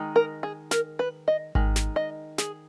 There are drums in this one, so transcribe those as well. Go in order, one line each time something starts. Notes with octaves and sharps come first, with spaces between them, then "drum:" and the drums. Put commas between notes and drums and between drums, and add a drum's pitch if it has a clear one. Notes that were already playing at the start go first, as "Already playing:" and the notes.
Already playing: D#3 G#3 D#4
A#4
G#4
A#4, drum: snare
B4
D#5
D#3 G#3, drum: kick G#1
drum: snare
D#5
G#4, drum: snare